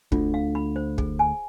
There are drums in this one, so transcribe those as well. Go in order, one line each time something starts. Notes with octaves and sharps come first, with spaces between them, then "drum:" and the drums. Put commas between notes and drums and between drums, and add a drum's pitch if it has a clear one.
D2 D3 F4, drum: kick
F5
B5
C5
G#4, drum: kick
G#5